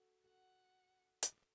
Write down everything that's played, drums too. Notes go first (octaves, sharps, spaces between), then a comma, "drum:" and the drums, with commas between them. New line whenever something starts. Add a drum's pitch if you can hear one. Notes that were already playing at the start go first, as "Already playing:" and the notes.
Already playing: F#4 A4
F#4 A4 F#5
drum: hi-hat